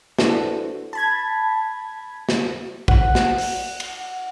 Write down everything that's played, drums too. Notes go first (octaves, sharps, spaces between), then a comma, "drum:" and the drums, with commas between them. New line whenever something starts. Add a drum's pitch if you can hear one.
D4 E4 F#4 A4 B4 C5, drum: snare
A5 B5 G#6
drum: snare
F#5, drum: kick
drum: snare
drum: open hi-hat
drum: cymbal